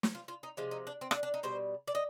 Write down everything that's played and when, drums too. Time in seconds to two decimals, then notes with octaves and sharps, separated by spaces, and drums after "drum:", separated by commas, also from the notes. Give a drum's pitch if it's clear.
0.03 drum: snare
0.15 F4
0.28 F4
0.43 D#4
0.57 C3 F3 G#3 F4
0.71 D#4
0.87 D4
1.01 C4
1.11 D4, drum: rim click
1.23 D4
1.34 D#4
1.43 B2 G3 C5
1.88 D5
1.95 D#5